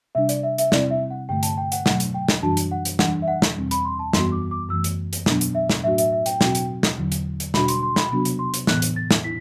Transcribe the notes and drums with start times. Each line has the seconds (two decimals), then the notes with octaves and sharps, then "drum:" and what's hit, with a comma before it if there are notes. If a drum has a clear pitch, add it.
0.15 C3 G3 D4 E5
0.29 D5, drum: hi-hat
0.43 E5
0.58 E5, drum: hi-hat
0.72 C3 G3 C4 E4 D5, drum: snare
0.91 E5
1.10 F#5
1.29 G2 D3 A3 G5
1.43 A5, drum: hi-hat
1.58 G5
1.72 F#5, drum: hi-hat
1.86 B2 F#3 A3 F#5, drum: snare
2.00 drum: hi-hat
2.14 G5
2.28 drum: snare
2.43 F#2 E3 G3 D4 F#4 A5
2.57 drum: hi-hat
2.71 F#5
2.85 drum: hi-hat
2.99 E3 G3 D4 F#5, drum: snare
3.22 E5
3.28 F#5
3.42 drum: snare
3.56 E2 B2 G3 C4
3.71 B5, drum: hi-hat
3.85 C6
3.99 A5
4.13 F#2 E3 G3 B3 F#4 C6, drum: snare
4.32 D6
4.51 D6
4.69 F#2 E3 A3 E6
4.84 drum: hi-hat
5.13 drum: hi-hat
5.26 B2 F#3 B3 D4, drum: snare
5.41 drum: hi-hat
5.55 E5
5.70 drum: snare
5.83 A2 F#3 A3 D4 F#4 E5
5.98 E5, drum: hi-hat
6.12 E5
6.26 G5, drum: hi-hat
6.41 B2 F#3 C4 F#4, drum: snare
6.55 drum: hi-hat
6.83 drum: snare
6.98 E2 D3 F#3
7.12 drum: hi-hat
7.40 drum: hi-hat
7.54 B2 G3 D4 F#4 B5, drum: snare
7.68 C6, drum: hi-hat
7.83 C6
7.96 B5, drum: snare
8.11 C3 F#3 B3 D4 F#4 B5
8.25 drum: hi-hat
8.39 C6
8.54 drum: hi-hat
8.67 A2 E3 B3 F#6, drum: snare
8.82 drum: hi-hat
8.96 A6
9.11 drum: snare
9.24 E4 B6